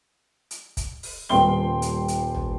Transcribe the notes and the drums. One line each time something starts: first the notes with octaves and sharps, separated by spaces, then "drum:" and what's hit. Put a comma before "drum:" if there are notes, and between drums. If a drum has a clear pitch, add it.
drum: hi-hat
drum: kick, hi-hat
drum: open hi-hat
D#1 G3 B3 G5 C6 G7
drum: hi-hat
drum: hi-hat
drum: tom